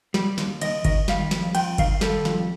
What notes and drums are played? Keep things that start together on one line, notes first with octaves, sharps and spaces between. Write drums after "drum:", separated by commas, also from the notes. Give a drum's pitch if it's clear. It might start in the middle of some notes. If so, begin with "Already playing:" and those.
G3, drum: snare
D#2, drum: snare
D#2 D#5, drum: cymbal
D#3 D#5, drum: kick G1, cymbal
G3 F5, drum: snare
F2, drum: snare
F2 G5, drum: cymbal
D#3 F5, drum: kick G1, cymbal
G3 A4, drum: snare
F2, drum: snare